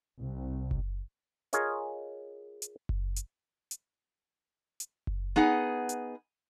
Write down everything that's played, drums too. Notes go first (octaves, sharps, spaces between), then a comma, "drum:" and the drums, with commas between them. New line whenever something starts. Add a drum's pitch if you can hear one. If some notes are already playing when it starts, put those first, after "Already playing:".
C2
drum: kick F#1
F4 G#4 A#4 C#5 D#5, drum: hi-hat
drum: hi-hat
drum: kick F#1
drum: hi-hat
drum: hi-hat
drum: hi-hat
drum: kick F#1
B3 D#4 G#4 F#5
drum: hi-hat